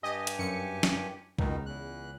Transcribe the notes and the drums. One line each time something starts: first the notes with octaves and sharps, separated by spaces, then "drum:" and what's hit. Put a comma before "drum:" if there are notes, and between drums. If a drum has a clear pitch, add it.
G2 G4 D#5 G#5
drum: hi-hat
F#2 C#7
drum: snare
C#2 B2 D#3 D#4, drum: kick C2
E2 F#6